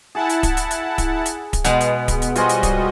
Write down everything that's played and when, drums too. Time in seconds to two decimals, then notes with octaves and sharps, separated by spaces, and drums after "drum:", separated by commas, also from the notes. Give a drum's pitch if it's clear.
0.15 E4 G#4 F#5 A5
0.29 drum: hi-hat
0.43 drum: kick D1, hi-hat
0.57 drum: hi-hat
0.71 drum: hi-hat
0.98 drum: kick D1, hi-hat
1.26 drum: hi-hat
1.53 drum: kick D1, hi-hat
1.64 B2 G#3 B3 F#5, drum: hi-hat
1.81 drum: hi-hat
2.08 drum: kick D1, hi-hat
2.22 drum: hi-hat
2.35 G3 F4 F#4 C5 D#5 G#5, drum: hi-hat
2.49 drum: hi-hat
2.63 drum: kick D1, hi-hat